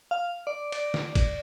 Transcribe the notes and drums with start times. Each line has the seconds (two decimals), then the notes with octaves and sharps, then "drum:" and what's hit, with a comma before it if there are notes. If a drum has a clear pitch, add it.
0.11 F5
0.47 D5
0.72 D5, drum: cymbal
0.94 drum: snare
1.15 drum: kick, cymbal